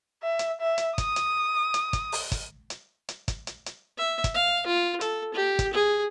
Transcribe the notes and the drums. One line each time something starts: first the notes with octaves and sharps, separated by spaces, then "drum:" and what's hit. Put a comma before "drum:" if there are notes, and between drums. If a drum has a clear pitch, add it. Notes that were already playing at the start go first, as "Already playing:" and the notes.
E5
drum: hi-hat
E5
drum: hi-hat
D#6, drum: kick, hi-hat
drum: hi-hat
drum: hi-hat
drum: kick, hi-hat
drum: open hi-hat
drum: kick, hi-hat
drum: hi-hat
drum: hi-hat
drum: kick, hi-hat
drum: hi-hat
drum: hi-hat
E5
drum: kick, hi-hat
F5
F4
A4, drum: hi-hat
G4
drum: kick, hi-hat
G#4